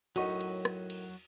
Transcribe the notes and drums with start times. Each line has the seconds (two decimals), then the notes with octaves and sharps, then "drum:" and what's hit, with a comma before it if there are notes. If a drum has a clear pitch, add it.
0.16 F#2 A2 F#3 D#4 F#4 D#5 C#6, drum: cymbal
0.41 drum: cymbal
0.65 drum: rim click
0.90 drum: cymbal